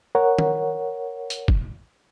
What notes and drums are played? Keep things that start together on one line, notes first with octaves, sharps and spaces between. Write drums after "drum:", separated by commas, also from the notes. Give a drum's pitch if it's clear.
A#4 C#5 F#5
drum: tom D#3
drum: hi-hat
drum: kick